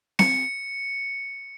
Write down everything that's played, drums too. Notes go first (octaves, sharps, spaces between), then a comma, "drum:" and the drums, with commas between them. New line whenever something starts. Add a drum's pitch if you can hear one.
C#7, drum: snare C4